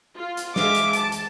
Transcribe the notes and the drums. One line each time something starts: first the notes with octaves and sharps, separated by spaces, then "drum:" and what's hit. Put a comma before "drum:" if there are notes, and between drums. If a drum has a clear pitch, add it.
F4
drum: hi-hat
G#3 E5 F5 D6, drum: snare
drum: hi-hat
A5, drum: hi-hat
drum: hi-hat